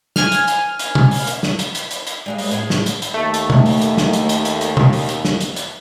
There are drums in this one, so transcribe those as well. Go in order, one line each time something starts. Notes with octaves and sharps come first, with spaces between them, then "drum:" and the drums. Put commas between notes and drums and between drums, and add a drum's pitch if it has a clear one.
G#5 F6, drum: snare
drum: hi-hat
drum: hi-hat
drum: hi-hat
drum: tom
drum: open hi-hat
drum: hi-hat
drum: snare
drum: hi-hat
drum: hi-hat
drum: hi-hat
drum: hi-hat
G3 G#3 F5
drum: open hi-hat
A2 G#4, drum: hi-hat
drum: snare
drum: hi-hat
drum: hi-hat
D#2 A3
drum: hi-hat
drum: tom
drum: open hi-hat
drum: hi-hat
drum: snare
drum: hi-hat
drum: hi-hat
drum: hi-hat
drum: hi-hat
drum: tom
drum: open hi-hat
drum: hi-hat
drum: snare
drum: hi-hat
drum: hi-hat